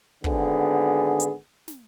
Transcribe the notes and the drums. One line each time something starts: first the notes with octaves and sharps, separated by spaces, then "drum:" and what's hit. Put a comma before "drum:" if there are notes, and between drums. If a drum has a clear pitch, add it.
G#1 D3 B3 G#4, drum: kick
drum: hi-hat
drum: snare